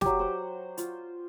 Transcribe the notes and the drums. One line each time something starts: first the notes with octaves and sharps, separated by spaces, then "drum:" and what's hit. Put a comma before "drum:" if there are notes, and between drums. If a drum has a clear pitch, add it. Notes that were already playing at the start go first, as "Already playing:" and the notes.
F#3 G4, drum: snare
C5 F#5
F4, drum: hi-hat